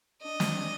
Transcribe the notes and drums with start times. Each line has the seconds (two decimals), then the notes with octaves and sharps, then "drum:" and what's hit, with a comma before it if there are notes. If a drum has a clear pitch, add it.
0.22 D4 D#5
0.40 drum: snare